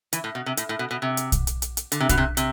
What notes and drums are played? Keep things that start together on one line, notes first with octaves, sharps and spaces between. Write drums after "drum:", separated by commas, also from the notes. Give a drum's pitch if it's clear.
E3, drum: hi-hat
A2
B2
C3
A2, drum: hi-hat
A2
B2
B2
C3
drum: hi-hat
drum: kick, hi-hat
drum: hi-hat
drum: hi-hat
drum: hi-hat
D3, drum: hi-hat
C3
B2, drum: kick, hi-hat
C3
C3, drum: hi-hat